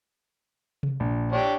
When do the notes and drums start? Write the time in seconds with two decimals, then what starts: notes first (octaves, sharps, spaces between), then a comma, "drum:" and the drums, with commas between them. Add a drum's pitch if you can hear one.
0.83 drum: tom C3
1.00 A#1
1.32 D4 G4 C#5